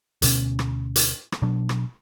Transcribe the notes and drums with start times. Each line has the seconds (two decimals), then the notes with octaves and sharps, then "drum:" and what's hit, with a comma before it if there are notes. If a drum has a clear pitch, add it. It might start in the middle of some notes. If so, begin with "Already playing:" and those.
0.22 D2 B2 C#4, drum: hi-hat
0.59 drum: rim click
0.96 drum: hi-hat
1.32 drum: rim click
1.42 B2 F#3 D4
1.69 drum: rim click